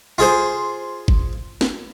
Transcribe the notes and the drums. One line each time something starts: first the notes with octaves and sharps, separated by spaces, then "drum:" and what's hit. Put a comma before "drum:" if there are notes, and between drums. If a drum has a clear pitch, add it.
F4 G#4 C5
drum: kick
drum: snare